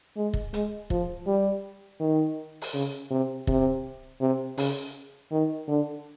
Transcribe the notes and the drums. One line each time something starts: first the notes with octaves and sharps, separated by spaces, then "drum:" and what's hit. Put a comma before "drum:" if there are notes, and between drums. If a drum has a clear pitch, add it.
G#3
drum: kick
G#3, drum: hi-hat
F3, drum: kick
G3
D#3
drum: open hi-hat
C#3
C3
C3, drum: kick
C3
C#3, drum: open hi-hat
D#3
D3